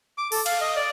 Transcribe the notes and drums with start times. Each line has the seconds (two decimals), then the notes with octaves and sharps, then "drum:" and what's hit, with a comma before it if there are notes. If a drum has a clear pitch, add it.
0.18 D6
0.32 A4, drum: open hi-hat
0.46 F5, drum: cymbal
0.61 D#5
0.76 D5